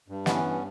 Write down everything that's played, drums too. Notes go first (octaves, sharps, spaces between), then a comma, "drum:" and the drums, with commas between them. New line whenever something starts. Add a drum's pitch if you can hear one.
G2
E3 B3 C#4, drum: snare
G2